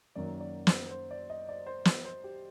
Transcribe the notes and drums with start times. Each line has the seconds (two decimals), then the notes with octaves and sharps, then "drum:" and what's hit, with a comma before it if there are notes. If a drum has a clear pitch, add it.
0.15 F#2 D#3 F#3 A#3 D5
0.40 D5
0.67 C5, drum: snare
0.91 C5
1.11 D5
1.30 D#5
1.49 D5
1.66 C5
1.85 C5, drum: snare
2.05 C5
2.24 G4